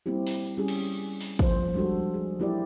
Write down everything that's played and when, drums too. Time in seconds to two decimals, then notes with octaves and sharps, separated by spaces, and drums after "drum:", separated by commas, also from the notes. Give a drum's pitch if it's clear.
0.06 G3 A#3 C4 E4 G4
0.27 drum: open hi-hat
0.57 G3 C#4 G4 G#4
0.68 drum: cymbal
1.20 drum: open hi-hat
1.39 F3 C5, drum: kick
1.74 G3 G#3 D4 F#4 A4
2.14 G#4
2.39 F#3 A#3 E4 G4 A#4 D5